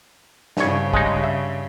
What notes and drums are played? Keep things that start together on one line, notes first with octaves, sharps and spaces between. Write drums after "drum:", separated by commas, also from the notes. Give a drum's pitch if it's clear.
C2 G2 C#3 C#5, drum: snare
G#3 D#4, drum: kick
E5